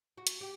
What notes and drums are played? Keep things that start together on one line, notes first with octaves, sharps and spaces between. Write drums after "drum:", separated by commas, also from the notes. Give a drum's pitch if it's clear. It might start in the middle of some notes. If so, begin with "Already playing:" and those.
F#4
drum: hi-hat
G4